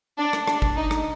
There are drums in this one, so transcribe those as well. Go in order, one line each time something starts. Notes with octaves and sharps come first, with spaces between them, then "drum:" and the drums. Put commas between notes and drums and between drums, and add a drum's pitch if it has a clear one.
D4
drum: rim click
D4, drum: rim click
drum: kick
D#4
drum: rim click